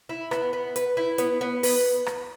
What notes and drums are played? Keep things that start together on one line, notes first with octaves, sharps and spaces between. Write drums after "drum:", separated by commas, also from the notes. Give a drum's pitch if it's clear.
E4
B3, drum: rim click
B3
B4, drum: hi-hat
E4
B3, drum: hi-hat
B3
B4, drum: open hi-hat
drum: rim click